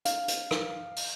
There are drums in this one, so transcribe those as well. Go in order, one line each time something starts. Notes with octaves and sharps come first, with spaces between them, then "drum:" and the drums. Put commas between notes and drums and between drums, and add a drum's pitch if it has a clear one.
F5, drum: hi-hat
drum: hi-hat
drum: rim click
drum: open hi-hat